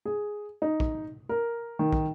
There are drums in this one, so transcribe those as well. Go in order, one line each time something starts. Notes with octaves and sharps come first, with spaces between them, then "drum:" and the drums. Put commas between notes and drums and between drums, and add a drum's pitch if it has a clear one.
G#4
D#4
drum: kick
A#4
D#3
drum: kick